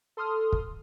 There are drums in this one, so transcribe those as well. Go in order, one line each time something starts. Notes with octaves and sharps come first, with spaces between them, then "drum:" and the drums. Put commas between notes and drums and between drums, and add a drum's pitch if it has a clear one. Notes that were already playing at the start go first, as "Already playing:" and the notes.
A4 C6 D#6 F6
drum: kick